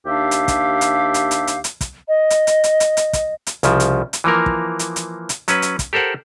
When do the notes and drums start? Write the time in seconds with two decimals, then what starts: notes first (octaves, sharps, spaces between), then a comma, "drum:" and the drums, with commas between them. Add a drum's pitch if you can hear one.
0.06 D#2 D4 G4 E5 F5
0.31 drum: hi-hat
0.48 drum: kick, hi-hat
0.81 drum: hi-hat
1.14 drum: hi-hat
1.31 drum: hi-hat
1.47 drum: hi-hat
1.64 drum: hi-hat
1.81 drum: kick, hi-hat
2.08 D#5
2.30 drum: hi-hat
2.47 drum: hi-hat
2.64 drum: hi-hat
2.80 drum: hi-hat
2.97 drum: hi-hat
3.13 drum: kick, hi-hat
3.47 drum: hi-hat
3.63 C2 C#3 F3, drum: hi-hat
3.80 drum: hi-hat
4.13 drum: hi-hat
4.24 E3 F3 A#3 A#4
4.46 drum: kick
4.79 drum: hi-hat
4.96 drum: hi-hat
5.29 drum: hi-hat
5.48 F#3 C#4 B4, drum: hi-hat
5.62 drum: hi-hat
5.79 drum: kick, hi-hat
5.93 G4 A4 A#4 C5 F#5